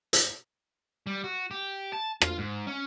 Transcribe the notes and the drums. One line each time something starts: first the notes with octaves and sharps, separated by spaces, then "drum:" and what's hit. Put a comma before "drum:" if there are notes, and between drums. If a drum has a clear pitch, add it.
drum: hi-hat
G3
F#4
G4
A5
F4, drum: rim click
G#2
C#4